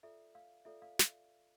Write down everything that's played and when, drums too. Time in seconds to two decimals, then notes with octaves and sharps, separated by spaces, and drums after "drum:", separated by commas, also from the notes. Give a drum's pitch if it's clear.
0.03 F4 A4 D5 E5
0.35 F5
0.65 F4 A4 D5 E5
0.82 F5
0.99 drum: snare